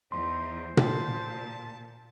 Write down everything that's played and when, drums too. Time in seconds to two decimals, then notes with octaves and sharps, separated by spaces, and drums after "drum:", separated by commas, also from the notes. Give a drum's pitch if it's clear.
0.12 E2 D#4 C5 C6
0.77 A#2 A5, drum: tom A#2